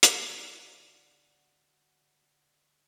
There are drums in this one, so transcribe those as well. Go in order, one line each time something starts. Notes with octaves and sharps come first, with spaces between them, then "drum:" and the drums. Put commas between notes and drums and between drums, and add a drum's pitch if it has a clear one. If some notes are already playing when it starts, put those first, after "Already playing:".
D3 F#4, drum: hi-hat